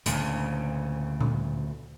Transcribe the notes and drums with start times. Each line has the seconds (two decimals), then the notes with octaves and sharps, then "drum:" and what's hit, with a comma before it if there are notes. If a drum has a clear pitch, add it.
0.06 D2 A#2 C#3, drum: hi-hat
1.21 drum: tom A#2